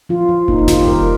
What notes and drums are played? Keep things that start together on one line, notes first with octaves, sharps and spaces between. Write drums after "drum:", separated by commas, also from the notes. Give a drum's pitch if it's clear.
F3 F4
F3
A#3 D#4, drum: kick F1
D#4
D#3 F4, drum: snare F1
G4
G3 A#4, drum: kick F1